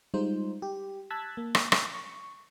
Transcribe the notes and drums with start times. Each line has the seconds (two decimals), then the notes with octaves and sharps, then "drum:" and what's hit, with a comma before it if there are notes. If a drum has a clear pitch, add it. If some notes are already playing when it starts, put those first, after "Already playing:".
0.14 G3 G#3 D#4 F4 C5
0.62 G4
1.10 A5 E6 F#6 G#6 A6 B6
1.37 A#3
1.55 drum: rim click
1.72 drum: rim click
1.94 C#6